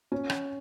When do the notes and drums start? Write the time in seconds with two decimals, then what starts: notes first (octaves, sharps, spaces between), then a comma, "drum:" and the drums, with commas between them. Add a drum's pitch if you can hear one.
0.12 C#4
0.30 drum: rim click